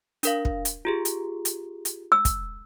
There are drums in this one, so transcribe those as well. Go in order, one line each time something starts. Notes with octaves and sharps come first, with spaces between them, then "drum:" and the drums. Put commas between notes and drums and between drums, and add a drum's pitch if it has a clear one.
D4 A#4 F5, drum: hi-hat
drum: kick
drum: hi-hat
F4 G4 G#4
drum: hi-hat
drum: hi-hat
drum: hi-hat
E6
drum: kick, hi-hat